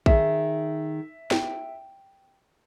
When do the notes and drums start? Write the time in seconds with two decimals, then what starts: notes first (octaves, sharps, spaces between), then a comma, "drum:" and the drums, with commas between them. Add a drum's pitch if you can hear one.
0.06 D#3 G#4 E5, drum: kick
1.31 G5, drum: snare